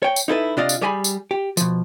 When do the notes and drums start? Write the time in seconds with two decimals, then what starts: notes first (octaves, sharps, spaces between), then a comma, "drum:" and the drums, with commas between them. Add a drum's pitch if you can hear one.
0.03 C#5 G5
0.16 drum: tambourine
0.28 D#4 E4 A4 B4
0.57 C3 D4 F4 D5 D#5 F5
0.69 drum: tambourine
0.81 G3 G4 G#4 G#5 A#5 B5
1.04 drum: tambourine
1.31 G4
1.57 B2 F3, drum: tambourine